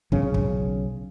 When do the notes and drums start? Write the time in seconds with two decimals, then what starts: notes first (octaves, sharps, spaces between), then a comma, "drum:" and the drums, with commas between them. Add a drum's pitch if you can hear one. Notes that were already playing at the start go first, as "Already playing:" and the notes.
0.12 B1 C#3 C#4, drum: kick
0.34 drum: kick